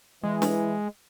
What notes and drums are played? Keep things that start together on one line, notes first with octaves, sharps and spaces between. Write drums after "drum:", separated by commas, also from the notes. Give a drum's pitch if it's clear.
E3 G#3
drum: snare